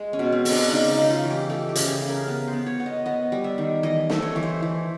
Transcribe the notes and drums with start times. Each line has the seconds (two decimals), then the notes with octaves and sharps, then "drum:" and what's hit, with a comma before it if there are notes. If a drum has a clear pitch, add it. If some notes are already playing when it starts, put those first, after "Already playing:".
Already playing: G#3
0.13 C#4
0.19 B2
0.32 C4
0.45 G#3, drum: open hi-hat
0.52 D4
0.72 C#3 D#4
0.91 D#4
0.98 C#3
1.10 F4
1.23 E3
1.30 G4
1.50 A3 G4
1.69 G4
1.75 C#3, drum: hi-hat
1.88 G#4
2.02 C#3
2.09 A#4
2.27 B3 B4
2.48 C5
2.53 B3
2.66 C#5
2.80 B3
2.86 D#5
3.06 B3 D#5
3.32 G3
3.44 E5
3.58 D#3
3.83 E3 D#5
4.10 A3, drum: snare
4.22 C#5
4.36 E3
4.43 C5
4.62 E3